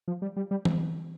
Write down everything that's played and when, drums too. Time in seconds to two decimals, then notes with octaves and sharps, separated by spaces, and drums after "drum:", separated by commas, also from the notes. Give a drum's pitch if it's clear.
0.08 F3
0.22 G3
0.37 G3
0.51 G3
0.65 drum: tom E3